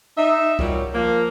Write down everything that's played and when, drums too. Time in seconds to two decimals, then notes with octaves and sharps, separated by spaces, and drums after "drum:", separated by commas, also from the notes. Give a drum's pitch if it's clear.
0.17 D#4 E5
0.59 A#2 F#3 G3, drum: kick C2
0.93 F3 A#3